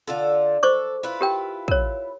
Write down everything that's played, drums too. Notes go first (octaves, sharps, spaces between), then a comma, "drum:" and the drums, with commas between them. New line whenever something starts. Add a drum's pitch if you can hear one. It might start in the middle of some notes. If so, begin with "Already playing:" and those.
D3 F4 A4
A4 C5 C#6 D6
E4 F4 B4
G4 A#4 G5
A#4 C#5, drum: kick